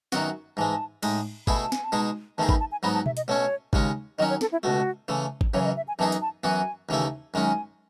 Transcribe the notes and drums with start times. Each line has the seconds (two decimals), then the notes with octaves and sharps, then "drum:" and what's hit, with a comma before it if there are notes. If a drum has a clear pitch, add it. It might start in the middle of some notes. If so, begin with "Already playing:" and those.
0.12 F#2 D#3 F#3 B3 F#4, drum: snare
0.57 G#2 E3 G#3 A5
1.03 A2 G#3 D#4, drum: cymbal
1.47 B2 A3 E4 G#4 B5, drum: kick G#1
1.60 A5
1.72 G#5, drum: snare
1.84 A5
1.92 B2 G#3 D#4 G#4
2.38 E2 D#3 A3 D#4 G#4 A5
2.49 B5, drum: kick G#1
2.60 A5
2.72 G#5
2.83 G#2 F#3 B3 D#4 B5
2.94 A5
3.06 E5, drum: tom B2
3.17 D#5, drum: hi-hat
3.28 B2 A3 C#4 C#5
3.73 D#2 C#3 G#3 C#4, drum: kick G#1
4.18 D#3 F#3 C#4 D#5
4.30 C#5
4.41 A4, drum: snare
4.52 E4
4.63 C#2 B2 A3 F#4
5.08 C#3 E3 A3
5.41 drum: kick G#1
5.54 F#2 C#3 E3 C#5
5.65 D#5
5.76 E5
5.88 G#5
5.99 F#2 E3 B3 D#4 G#4 A5
6.12 drum: hi-hat
6.22 A5
6.44 F#2 E3 B3 F#4 G#5
6.89 D#2 C#3 E3 A3 E4
7.34 F#2 D#3 G#3 C#4 G#5